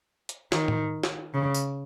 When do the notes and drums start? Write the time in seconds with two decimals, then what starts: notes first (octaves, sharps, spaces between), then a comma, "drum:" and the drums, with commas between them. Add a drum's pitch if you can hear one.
0.29 drum: hi-hat
0.52 D#3, drum: snare
0.68 drum: tom A2
1.04 drum: snare
1.34 C#3
1.54 drum: tambourine